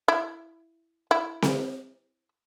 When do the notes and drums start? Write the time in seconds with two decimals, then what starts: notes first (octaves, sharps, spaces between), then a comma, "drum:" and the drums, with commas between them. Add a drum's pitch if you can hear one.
0.08 E4
1.11 E4
1.42 drum: snare C4